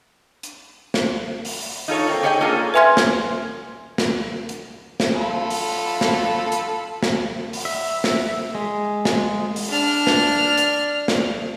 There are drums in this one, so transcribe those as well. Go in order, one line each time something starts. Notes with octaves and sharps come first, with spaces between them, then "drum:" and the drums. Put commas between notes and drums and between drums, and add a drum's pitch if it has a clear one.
drum: hi-hat
drum: snare
drum: open hi-hat
D#4 F4 A4 C#5
A#3 C4
G4 G#4 C#5 D#5 E5 G5
A#3 C#4 D4 F4 G#4 A4
B4 E5 G#5 C6 F6 G#6
drum: snare
drum: snare
drum: hi-hat
drum: snare
F4 A4 B5
drum: open hi-hat
drum: snare
drum: hi-hat
drum: snare
drum: open hi-hat
E5
drum: snare
G#3
drum: snare
drum: open hi-hat
D4 F6
drum: snare
drum: hi-hat
drum: snare